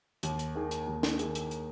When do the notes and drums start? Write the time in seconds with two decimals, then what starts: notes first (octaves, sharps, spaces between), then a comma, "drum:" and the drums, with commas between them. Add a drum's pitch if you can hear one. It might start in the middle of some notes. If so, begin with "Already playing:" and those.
0.23 D#2, drum: hi-hat
0.39 drum: hi-hat
0.55 D#3 A#3 D#4 G#4
0.71 drum: hi-hat
0.88 D#2
1.03 drum: snare
1.19 D#3 A#3 D#4 G#4, drum: hi-hat
1.35 drum: hi-hat
1.51 drum: hi-hat